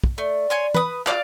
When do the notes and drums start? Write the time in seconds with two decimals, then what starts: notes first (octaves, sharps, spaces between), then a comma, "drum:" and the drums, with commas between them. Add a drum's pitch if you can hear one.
0.04 drum: kick
0.18 A3 D5
0.50 C#5 G#5 C6
0.74 B4 D#6, drum: tom E3
1.07 F4 D5 F5 D6, drum: clap